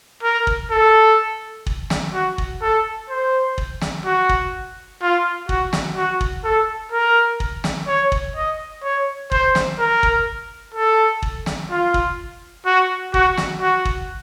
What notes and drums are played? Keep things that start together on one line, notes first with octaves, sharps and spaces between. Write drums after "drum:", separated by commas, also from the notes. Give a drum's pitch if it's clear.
A#4
drum: kick
A4
drum: kick
drum: snare
F#4
drum: kick
A4
C5
drum: kick
drum: snare
F#4
drum: kick
F4
F#4, drum: kick
drum: snare
F#4
drum: kick
A4
A#4
drum: kick
drum: snare
C#5
drum: kick
D#5
C#5
C5, drum: kick
drum: snare
A#4
drum: kick
A4
drum: kick
drum: snare
F4
drum: kick
F#4
F#4, drum: kick
drum: snare
F#4
drum: kick